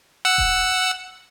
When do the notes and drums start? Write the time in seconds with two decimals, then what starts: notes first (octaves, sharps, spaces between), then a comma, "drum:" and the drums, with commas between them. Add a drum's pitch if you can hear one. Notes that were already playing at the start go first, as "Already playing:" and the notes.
0.25 F#5 E6
0.38 drum: kick D#1